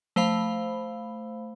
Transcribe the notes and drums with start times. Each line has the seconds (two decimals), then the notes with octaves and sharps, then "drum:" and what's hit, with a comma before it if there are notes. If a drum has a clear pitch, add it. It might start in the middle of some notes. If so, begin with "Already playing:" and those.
0.16 A3 C5 F5 B5, drum: tom F3